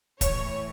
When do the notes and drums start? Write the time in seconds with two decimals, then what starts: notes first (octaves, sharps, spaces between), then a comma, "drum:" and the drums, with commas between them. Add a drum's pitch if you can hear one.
0.21 A2 E3 C#5, drum: kick, hi-hat